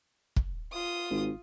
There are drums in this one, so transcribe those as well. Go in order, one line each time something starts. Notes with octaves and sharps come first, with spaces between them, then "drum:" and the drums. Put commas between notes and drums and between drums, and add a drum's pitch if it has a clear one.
drum: kick
F4 D#6
G#1